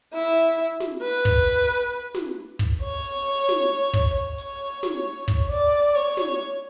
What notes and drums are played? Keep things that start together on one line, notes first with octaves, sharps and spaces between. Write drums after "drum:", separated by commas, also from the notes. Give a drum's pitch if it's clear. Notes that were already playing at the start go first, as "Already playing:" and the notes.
E4
drum: hi-hat
drum: snare
B4
drum: kick, hi-hat
drum: hi-hat
drum: snare
drum: kick, hi-hat
C#5
drum: hi-hat
drum: snare
drum: kick
C#5
drum: hi-hat
drum: snare
drum: kick, hi-hat
D5
C#5
drum: snare